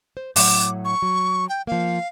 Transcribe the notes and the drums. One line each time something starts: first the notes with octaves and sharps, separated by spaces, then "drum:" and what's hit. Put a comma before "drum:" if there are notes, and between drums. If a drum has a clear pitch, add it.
C5
A2 F#3 F#5 D6, drum: open hi-hat
C#6
F#3
G5
F3 A#3 F5